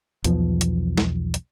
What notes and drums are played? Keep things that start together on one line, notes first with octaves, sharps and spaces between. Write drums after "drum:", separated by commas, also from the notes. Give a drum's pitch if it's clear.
B1 E2 F3 B3, drum: hi-hat
drum: hi-hat
drum: snare
drum: hi-hat